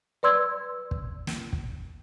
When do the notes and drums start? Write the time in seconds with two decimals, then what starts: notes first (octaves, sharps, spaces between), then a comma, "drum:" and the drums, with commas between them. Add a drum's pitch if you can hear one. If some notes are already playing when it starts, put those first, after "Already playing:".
0.23 B4 D5 C6 E6 G#6
0.91 drum: kick
1.27 drum: snare
1.53 drum: kick